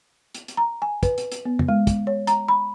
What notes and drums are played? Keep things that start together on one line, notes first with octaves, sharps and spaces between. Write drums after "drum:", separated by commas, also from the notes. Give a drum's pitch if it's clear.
drum: hi-hat
drum: hi-hat
A#5
G#5
B4, drum: kick, hi-hat
drum: hi-hat
drum: hi-hat
B3
drum: tom
G#3
drum: kick, hi-hat
C#5
A#5, drum: hi-hat
B5